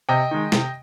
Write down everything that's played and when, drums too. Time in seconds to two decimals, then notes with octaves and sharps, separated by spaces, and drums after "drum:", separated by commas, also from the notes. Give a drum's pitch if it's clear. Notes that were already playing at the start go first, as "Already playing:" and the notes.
0.09 C3 D#5 G5
0.31 D#3 G#3
0.52 C3, drum: snare